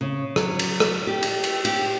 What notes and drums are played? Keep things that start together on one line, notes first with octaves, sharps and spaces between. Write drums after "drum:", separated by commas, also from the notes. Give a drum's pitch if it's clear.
C#3
F#3, drum: rim click
drum: cymbal
drum: rim click
G4
drum: cymbal
drum: cymbal
G4, drum: cymbal